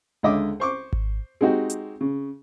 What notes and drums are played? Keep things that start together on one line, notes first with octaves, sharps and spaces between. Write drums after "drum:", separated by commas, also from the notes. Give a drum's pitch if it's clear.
C#2 D3 D#5 E5 D6
C5 C#6 D6
drum: kick G#1
G#3 C4 D#4 F#4 G4
drum: hi-hat
C#3